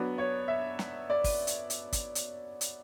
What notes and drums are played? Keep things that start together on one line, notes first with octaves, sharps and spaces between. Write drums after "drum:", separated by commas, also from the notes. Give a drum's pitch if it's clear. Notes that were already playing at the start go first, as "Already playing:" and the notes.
Already playing: F#3 B3 D4
C#5
E5
drum: snare
D5
drum: kick, open hi-hat
drum: hi-hat
drum: hi-hat
drum: kick, hi-hat
drum: hi-hat
drum: hi-hat